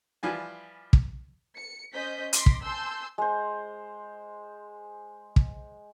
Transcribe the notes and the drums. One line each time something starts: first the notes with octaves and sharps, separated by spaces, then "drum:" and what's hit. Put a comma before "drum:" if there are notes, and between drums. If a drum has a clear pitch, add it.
E3 F3 G3 G#5
drum: kick
C#7
C#4 C5 D#5 G6 B6
C6 D6 A#6 B6, drum: hi-hat
drum: kick
G#5 A5 C6 E6 G6
G#3 C5
drum: kick